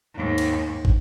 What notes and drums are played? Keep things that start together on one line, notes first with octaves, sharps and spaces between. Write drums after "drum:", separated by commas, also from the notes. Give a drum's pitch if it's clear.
D#2 G#2
drum: cymbal
drum: kick